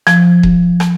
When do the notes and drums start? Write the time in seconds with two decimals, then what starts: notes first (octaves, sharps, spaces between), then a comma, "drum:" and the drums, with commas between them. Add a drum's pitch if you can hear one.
0.07 F3, drum: rim click
0.43 drum: kick D#1
0.80 drum: rim click